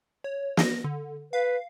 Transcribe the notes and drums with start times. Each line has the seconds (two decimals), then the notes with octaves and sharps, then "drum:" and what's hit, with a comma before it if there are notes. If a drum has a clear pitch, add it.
0.24 C#5
0.57 A#6, drum: snare
0.84 D3
1.33 B4 F5